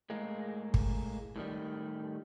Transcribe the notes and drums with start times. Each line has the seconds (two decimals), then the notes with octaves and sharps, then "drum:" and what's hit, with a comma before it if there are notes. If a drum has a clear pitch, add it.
0.10 A2 G#3 A#3
0.74 drum: kick G#1
1.36 A2 D#3 G3